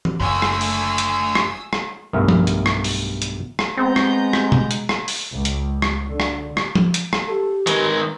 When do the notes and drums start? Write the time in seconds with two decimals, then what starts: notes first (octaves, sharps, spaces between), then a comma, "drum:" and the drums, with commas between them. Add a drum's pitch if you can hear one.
0.05 drum: tom E3
0.20 F#1 D3 A3 G#5 D#6 E6
0.42 drum: rim click
0.61 drum: open hi-hat
0.98 drum: hi-hat
1.35 drum: rim click
1.73 drum: rim click
2.13 B1 G2 A3 B3 A#4 E5
2.29 drum: tom F3
2.47 drum: hi-hat
2.66 drum: rim click
2.84 drum: open hi-hat
3.22 drum: hi-hat
3.59 drum: rim click
3.78 G#3 B3 C4 A#5 G6
3.96 drum: rim click
4.33 drum: rim click
4.52 drum: tom B2
4.71 drum: hi-hat
4.89 drum: rim click
5.08 drum: open hi-hat
5.32 C#2
5.45 drum: hi-hat
5.82 drum: rim click
6.07 D3
6.20 drum: rim click
6.57 drum: rim click
6.75 drum: tom F3
6.94 drum: hi-hat
7.13 drum: rim click
7.28 G4 A4
7.67 D#3 G#3 B4, drum: hi-hat